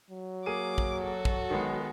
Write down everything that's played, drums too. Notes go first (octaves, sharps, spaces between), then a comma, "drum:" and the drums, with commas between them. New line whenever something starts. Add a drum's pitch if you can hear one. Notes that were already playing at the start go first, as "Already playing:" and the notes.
F#3
A#3 G#4 D6 D#7
drum: kick
F#4 A4
drum: kick
D#3 G#3 B3